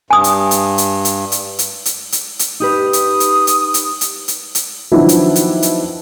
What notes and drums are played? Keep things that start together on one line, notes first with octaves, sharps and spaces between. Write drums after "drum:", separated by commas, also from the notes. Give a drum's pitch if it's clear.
G2 G#5 D#6
drum: hi-hat
drum: hi-hat
drum: hi-hat
drum: hi-hat
drum: hi-hat
drum: hi-hat
drum: hi-hat
drum: hi-hat
drum: hi-hat
D#4 G4 B4 D#6
drum: hi-hat
drum: hi-hat
drum: hi-hat
drum: hi-hat
drum: hi-hat
drum: hi-hat
drum: hi-hat
D#3 F3 F#3 B3 D4 E4
drum: hi-hat
drum: hi-hat
drum: hi-hat